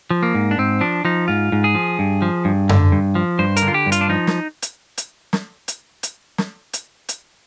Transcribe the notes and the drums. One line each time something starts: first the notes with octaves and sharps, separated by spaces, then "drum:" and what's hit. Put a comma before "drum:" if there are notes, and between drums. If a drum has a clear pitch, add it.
F3
A#3
G#2
D4
G#2 C4
F3 D4
F3 D#4
G#2 F4
G#2
G#4
F3
G2
F3
G2
D3, drum: tom F#2
G2
F3
G2 C5
A#4, drum: hi-hat
D3
F4
G4
G2
F4, drum: hi-hat
D4
F3 D#4
drum: snare
drum: hi-hat
drum: hi-hat
drum: snare
drum: hi-hat
drum: hi-hat
drum: snare
drum: hi-hat
drum: hi-hat